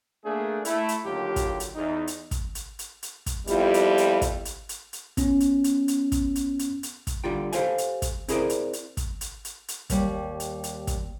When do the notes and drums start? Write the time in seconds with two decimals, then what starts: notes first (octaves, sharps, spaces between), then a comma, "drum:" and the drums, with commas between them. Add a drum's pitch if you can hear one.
0.25 A3 A#3 D4 G#4
0.65 A3 E4, drum: hi-hat
0.89 drum: hi-hat
1.05 D#2 D3 F#3 F4 G4
1.36 drum: kick, hi-hat
1.60 drum: hi-hat
1.76 E2 D#4
2.07 drum: hi-hat
2.31 drum: kick, hi-hat
2.55 drum: hi-hat
2.79 drum: hi-hat
3.03 drum: hi-hat
3.26 drum: kick, hi-hat
3.47 F2 G3 B3 E4 F4 G4, drum: hi-hat
3.74 drum: hi-hat
3.98 drum: hi-hat
4.21 drum: kick, hi-hat
4.45 drum: hi-hat
4.69 drum: hi-hat
4.93 drum: hi-hat
5.17 B3 C#4, drum: kick, hi-hat
5.40 drum: hi-hat
5.64 drum: hi-hat
5.88 drum: hi-hat
6.12 drum: kick, hi-hat
6.36 drum: hi-hat
6.59 drum: hi-hat
6.83 drum: hi-hat
7.07 drum: kick, hi-hat
7.24 D3 G3 F4 G5
7.53 G4 A4 C5 F5 F#5 G#5, drum: hi-hat
7.78 drum: hi-hat
8.02 drum: kick, hi-hat
8.28 C4 E4 G#4 A#4 C5 D5, drum: hi-hat
8.50 drum: hi-hat
8.73 drum: hi-hat
8.97 drum: kick, hi-hat
9.21 drum: hi-hat
9.45 drum: hi-hat
9.68 drum: hi-hat
9.90 D#2 G3 C#5, drum: kick, hi-hat
10.40 drum: hi-hat
10.64 drum: hi-hat
10.87 drum: kick, hi-hat